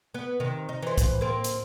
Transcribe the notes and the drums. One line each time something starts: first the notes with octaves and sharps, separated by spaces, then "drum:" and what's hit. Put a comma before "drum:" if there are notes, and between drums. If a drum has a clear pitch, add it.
B3
C3 D#3
D#4
E3 C5
drum: kick, hi-hat
A#3 C4
drum: hi-hat